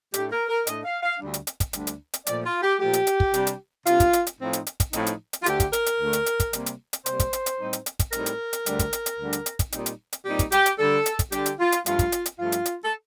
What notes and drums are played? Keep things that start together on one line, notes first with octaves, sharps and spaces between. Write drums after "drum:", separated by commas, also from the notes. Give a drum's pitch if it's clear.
A2 A3 D4 G4, drum: hi-hat
A#4
A#4
A2 A3 D4 D#5, drum: hi-hat
F5
F5
D2 D3 G3 D4
drum: hi-hat
drum: hi-hat
drum: kick, hi-hat
D2 D3 G3 D4, drum: hi-hat
drum: hi-hat
drum: hi-hat
A#2 F3 A3 D5, drum: hi-hat
F4
G4
A#2 F3 A3 G4
drum: hi-hat
drum: hi-hat
drum: kick
C3 G3 D4, drum: hi-hat
drum: hi-hat
C3 G3 D4 F4, drum: hi-hat
drum: kick, hi-hat
drum: hi-hat
drum: hi-hat
A2 F3 C4 D#4
drum: hi-hat
drum: hi-hat
drum: kick, hi-hat
A2 F3 C4 D#4, drum: hi-hat
drum: hi-hat
drum: hi-hat
F4
D2 D3 A3 G4, drum: hi-hat
drum: kick, hi-hat
A#4, drum: hi-hat
drum: hi-hat
D2 D3 A3
drum: hi-hat
drum: hi-hat
drum: kick, hi-hat
C3 G3 A#3, drum: hi-hat
drum: hi-hat
drum: hi-hat
C3 G3 A#3 C5, drum: hi-hat
drum: kick, hi-hat
drum: hi-hat
drum: hi-hat
A2 G3 C4 D#4
drum: hi-hat
drum: hi-hat
drum: kick, hi-hat
A2 G3 C4 D#4 A#4, drum: hi-hat
drum: hi-hat
drum: hi-hat
D2 D3 G3 D4, drum: hi-hat
drum: kick, hi-hat
drum: hi-hat
drum: hi-hat
D2 D3 G3 D4
drum: hi-hat
drum: hi-hat
drum: kick, hi-hat
A#2 G3 C4 D#4, drum: hi-hat
drum: hi-hat
drum: hi-hat
A#2 G3 C4 D#4 G4
drum: kick, hi-hat
G4, drum: hi-hat
drum: hi-hat
D3 G3 D4 A4
drum: hi-hat
drum: kick, hi-hat
D3 G3 D4 G4, drum: hi-hat
drum: hi-hat
F4
drum: hi-hat
G2 F3 A3 F4, drum: hi-hat
drum: kick, hi-hat
drum: hi-hat
drum: hi-hat
G2 F3 A3 F4
drum: hi-hat
drum: hi-hat
A4